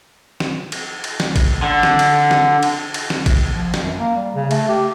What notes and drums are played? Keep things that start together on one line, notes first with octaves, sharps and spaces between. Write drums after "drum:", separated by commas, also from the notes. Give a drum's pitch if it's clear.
drum: snare
drum: cymbal
drum: cymbal
drum: snare
drum: kick G#1, cymbal
D3
drum: snare
drum: cymbal
drum: snare
drum: cymbal
drum: cymbal
drum: snare
drum: kick G#1, cymbal
F3
drum: snare
F#2
A#3
G3
C#3
A3, drum: cymbal
G4